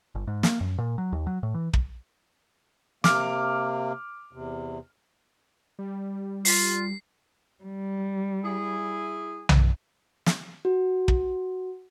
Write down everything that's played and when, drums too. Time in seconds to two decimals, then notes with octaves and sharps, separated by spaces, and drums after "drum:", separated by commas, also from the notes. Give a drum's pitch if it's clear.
0.15 G1
0.27 G#2
0.43 A#3, drum: snare
0.61 F#2
0.78 A#2
0.98 F#3
1.12 D#2
1.27 F#3
1.43 A2
1.54 E3
1.73 drum: kick
3.04 C3 A#3 D6 F6, drum: snare
4.33 E2 C3
5.79 G3
6.45 F4 C7, drum: open hi-hat
7.65 G3
8.43 E4 G#4
9.49 drum: tom B1
10.26 drum: snare
10.65 F#4
11.08 drum: kick